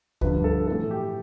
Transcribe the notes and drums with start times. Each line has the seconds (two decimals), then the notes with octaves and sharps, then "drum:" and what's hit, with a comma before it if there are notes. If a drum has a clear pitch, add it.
0.21 G2 D3 F3 B4, drum: kick D2
0.44 A4
0.68 A2 E3 A4
0.91 G4